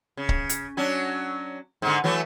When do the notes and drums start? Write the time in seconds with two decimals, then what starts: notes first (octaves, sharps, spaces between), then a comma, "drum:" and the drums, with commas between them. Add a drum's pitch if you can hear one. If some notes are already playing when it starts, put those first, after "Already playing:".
0.17 C#3
0.29 drum: kick C#1
0.49 drum: hi-hat
0.77 F#3 C#4 D4
1.82 G#2 D3
2.04 E3 F#3 A3